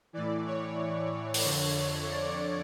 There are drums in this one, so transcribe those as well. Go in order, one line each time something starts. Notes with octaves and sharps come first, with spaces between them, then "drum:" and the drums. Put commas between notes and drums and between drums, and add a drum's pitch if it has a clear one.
A2 E3 D5
C#5
drum: open hi-hat
F2 D3
D5